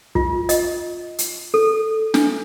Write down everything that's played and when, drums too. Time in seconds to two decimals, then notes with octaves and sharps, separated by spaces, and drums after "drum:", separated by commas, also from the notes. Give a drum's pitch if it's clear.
0.15 F4, drum: kick
0.49 D#5, drum: hi-hat
1.18 drum: hi-hat
1.54 A4
2.14 D4, drum: snare